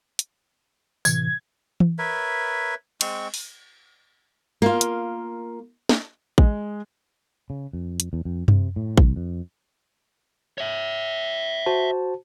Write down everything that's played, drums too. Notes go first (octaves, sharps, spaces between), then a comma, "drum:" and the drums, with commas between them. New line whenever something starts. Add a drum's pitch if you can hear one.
drum: hi-hat
A2 C3 E3 G#6, drum: tambourine
drum: tom E3
A#4 B4 C#5 E5
G#3 C4 C#6, drum: cymbal
drum: open hi-hat
A#3 F4
drum: hi-hat
drum: snare
G#3, drum: kick A1
C#3
F2
drum: hi-hat
E2
F2
C3, drum: tom F#2
A2
C2, drum: kick A1
F2
C#5 E5
F#4 C5 A5